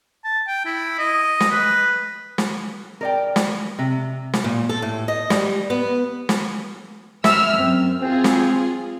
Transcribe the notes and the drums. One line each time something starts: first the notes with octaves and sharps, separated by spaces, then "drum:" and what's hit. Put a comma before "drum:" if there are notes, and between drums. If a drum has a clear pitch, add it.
A5
G5
E4
D#5
drum: snare
B4
drum: snare
A#4 D5 G5
drum: snare
C3
drum: snare
A#2
A4
A2
D#5
G3, drum: snare
B3
drum: snare
E5 E6 F6, drum: snare
F#2 C4
C4 F4 G#4
drum: snare